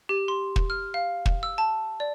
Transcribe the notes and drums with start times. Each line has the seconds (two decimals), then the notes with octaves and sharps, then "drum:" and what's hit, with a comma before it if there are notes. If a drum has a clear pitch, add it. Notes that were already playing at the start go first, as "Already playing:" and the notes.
0.09 G4
0.28 C6
0.56 drum: kick
0.70 F6
0.94 F5
1.26 drum: kick
1.43 E6
1.58 A5
2.00 D5